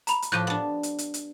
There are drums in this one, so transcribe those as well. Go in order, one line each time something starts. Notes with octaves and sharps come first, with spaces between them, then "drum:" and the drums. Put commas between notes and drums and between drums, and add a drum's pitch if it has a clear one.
A#5 B5 F7, drum: hi-hat
drum: hi-hat
A2 F3 G4 F#6 G6 D#7
B3 D4
drum: hi-hat
drum: hi-hat
drum: hi-hat